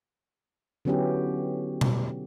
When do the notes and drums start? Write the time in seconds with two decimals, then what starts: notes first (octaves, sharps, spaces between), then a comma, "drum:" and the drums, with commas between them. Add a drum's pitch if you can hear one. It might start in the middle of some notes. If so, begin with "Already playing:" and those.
0.85 D3 F#3 B3 C#4 E4 G4
1.81 drum: tom B2